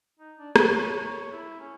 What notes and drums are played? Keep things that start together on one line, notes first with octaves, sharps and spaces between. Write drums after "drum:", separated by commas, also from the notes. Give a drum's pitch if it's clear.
D#4
D4
C#5, drum: rim click
C#5
E4
C#4